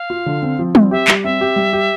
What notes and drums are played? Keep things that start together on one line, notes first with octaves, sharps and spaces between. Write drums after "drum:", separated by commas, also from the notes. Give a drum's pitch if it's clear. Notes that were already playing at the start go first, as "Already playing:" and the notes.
Already playing: F5
F4
D3
C4
F3
C4, drum: tom
G4 E5
G3, drum: clap
C4 E5
G4
G3
G4